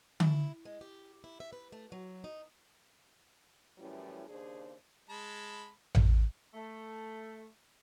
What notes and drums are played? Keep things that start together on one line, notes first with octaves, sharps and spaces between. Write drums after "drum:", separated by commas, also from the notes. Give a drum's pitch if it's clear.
E4, drum: tom D3
G#3
G4
E4
E5
B4
A3
F#3
D#4
F#2 A2 E3 G3 C#4
D#2 C#3 D4 G#4 C5
G#3 A5 B5
drum: tom A1
A3